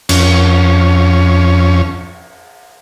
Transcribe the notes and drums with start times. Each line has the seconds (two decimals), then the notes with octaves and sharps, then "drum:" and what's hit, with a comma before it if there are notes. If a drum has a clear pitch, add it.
0.09 F2 C#4, drum: cymbal